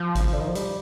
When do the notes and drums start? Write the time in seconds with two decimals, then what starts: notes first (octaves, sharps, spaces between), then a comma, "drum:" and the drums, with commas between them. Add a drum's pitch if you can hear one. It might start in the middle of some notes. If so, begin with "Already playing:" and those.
Already playing: F3
0.15 drum: kick G#1, hi-hat
0.33 D3
0.40 D#3
0.48 F3
0.55 G3, drum: hi-hat